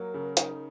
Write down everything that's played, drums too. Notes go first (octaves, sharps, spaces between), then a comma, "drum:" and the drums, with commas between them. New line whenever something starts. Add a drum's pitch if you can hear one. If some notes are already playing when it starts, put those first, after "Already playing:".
Already playing: F#3 A#3 A#4
C#3
D#4, drum: hi-hat